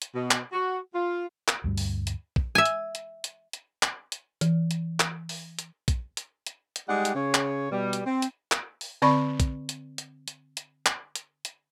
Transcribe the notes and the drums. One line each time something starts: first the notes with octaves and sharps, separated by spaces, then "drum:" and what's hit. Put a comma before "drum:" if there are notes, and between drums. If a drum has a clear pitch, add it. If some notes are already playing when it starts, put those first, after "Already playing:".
drum: hi-hat
B2
drum: clap
F#4
F4
drum: clap
D2 G2 G3
drum: open hi-hat
drum: hi-hat
drum: kick
E5 G#5
drum: hi-hat
drum: hi-hat
drum: hi-hat
drum: hi-hat
drum: clap
drum: hi-hat
E3, drum: hi-hat
drum: hi-hat
drum: clap
drum: open hi-hat
drum: hi-hat
drum: kick, hi-hat
drum: hi-hat
drum: hi-hat
drum: hi-hat
G3 G#3 D#4 G4 D5 F#5
drum: hi-hat
C#3 C#5
drum: clap
B2 G3
drum: hi-hat
C4
drum: hi-hat
drum: clap
drum: open hi-hat
D3 C4 D5 B5 C#6
drum: kick, hi-hat
drum: hi-hat
drum: hi-hat
drum: hi-hat
drum: hi-hat
drum: clap
drum: hi-hat
drum: hi-hat